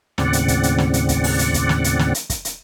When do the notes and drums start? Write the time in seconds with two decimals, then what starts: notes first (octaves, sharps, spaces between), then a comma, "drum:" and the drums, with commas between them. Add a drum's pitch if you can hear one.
0.18 D#2 A2 C#3 C4 D5 F#5, drum: snare
0.33 drum: hi-hat
0.48 drum: kick, hi-hat
0.63 drum: hi-hat
0.78 drum: snare
0.94 drum: hi-hat
1.09 drum: kick, hi-hat
1.24 drum: open hi-hat
1.39 drum: hi-hat
1.54 drum: kick, hi-hat
1.69 drum: snare
1.84 drum: hi-hat
1.99 drum: snare
2.14 drum: hi-hat
2.30 drum: kick, hi-hat
2.45 drum: hi-hat